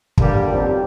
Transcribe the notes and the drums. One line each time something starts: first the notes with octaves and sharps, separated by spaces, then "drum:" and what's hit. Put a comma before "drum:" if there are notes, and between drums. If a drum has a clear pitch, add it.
G2 D3 G3 A#3, drum: kick
B1 A#2 G3 C4